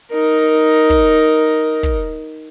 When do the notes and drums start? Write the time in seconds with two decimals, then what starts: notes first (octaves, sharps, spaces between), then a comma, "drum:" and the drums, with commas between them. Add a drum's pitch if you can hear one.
0.12 D#4 A#4
0.90 drum: kick
1.83 drum: kick